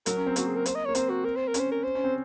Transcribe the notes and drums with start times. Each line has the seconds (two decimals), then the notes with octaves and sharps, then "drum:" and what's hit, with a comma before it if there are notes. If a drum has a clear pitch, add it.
0.06 F#3 A#4, drum: hi-hat
0.16 C#4
0.27 C4
0.36 A#3 F#4, drum: hi-hat
0.47 G#4
0.56 A#4
0.66 C5, drum: hi-hat
0.75 D#5
0.85 A#3 C#5
0.95 C4 C5, drum: hi-hat
1.09 F#4
1.24 A#4
1.36 C5
1.48 A#4
1.54 C#4, drum: hi-hat
1.59 C5
1.71 A#4
1.83 C5
1.95 C#4
2.04 C4